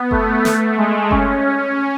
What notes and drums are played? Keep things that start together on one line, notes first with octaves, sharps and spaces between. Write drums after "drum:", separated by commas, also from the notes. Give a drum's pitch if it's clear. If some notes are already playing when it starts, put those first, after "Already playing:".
Already playing: B3
A3, drum: kick F#1
A3, drum: snare
G#3
C#4, drum: kick F#1
C#4